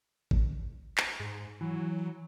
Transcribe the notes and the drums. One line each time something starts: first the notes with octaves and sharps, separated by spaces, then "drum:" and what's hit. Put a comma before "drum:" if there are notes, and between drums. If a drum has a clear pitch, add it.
drum: kick G#1
drum: clap
G#2
E3 F#3